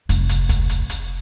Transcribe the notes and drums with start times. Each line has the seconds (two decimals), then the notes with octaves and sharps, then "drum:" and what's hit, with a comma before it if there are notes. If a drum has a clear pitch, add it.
0.09 F1, drum: hi-hat
0.29 drum: hi-hat
0.49 drum: kick, hi-hat
0.69 drum: hi-hat
0.90 drum: hi-hat